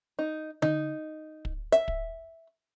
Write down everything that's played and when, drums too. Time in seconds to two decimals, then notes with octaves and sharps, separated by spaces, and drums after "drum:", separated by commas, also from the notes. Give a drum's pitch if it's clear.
0.19 D#4
0.62 D#4, drum: tom D3
1.45 drum: kick
1.72 E5, drum: hi-hat
1.88 drum: kick